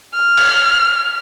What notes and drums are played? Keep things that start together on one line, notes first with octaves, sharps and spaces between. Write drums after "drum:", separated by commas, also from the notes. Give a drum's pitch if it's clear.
F6
drum: cymbal